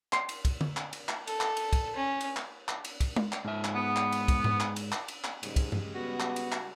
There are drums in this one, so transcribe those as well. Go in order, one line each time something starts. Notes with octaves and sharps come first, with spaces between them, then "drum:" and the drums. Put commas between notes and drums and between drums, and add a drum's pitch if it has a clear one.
C6, drum: clap
drum: cymbal
drum: kick, cymbal
drum: tom D3
drum: clap
drum: cymbal
drum: clap
A4, drum: cymbal
drum: clap
drum: cymbal
drum: kick, cymbal
C#4
drum: cymbal
drum: clap
drum: clap
drum: cymbal
drum: kick, cymbal
drum: tom G#3
drum: clap
G#2 E5
drum: clap
B3
drum: clap
drum: cymbal
drum: kick, cymbal
drum: tom G#2
drum: clap
drum: cymbal
drum: clap
drum: cymbal
drum: clap
G#2 C#3 G3 G#3, drum: cymbal
drum: kick, cymbal
drum: tom G2
B3 F#4
drum: clap
drum: cymbal
drum: clap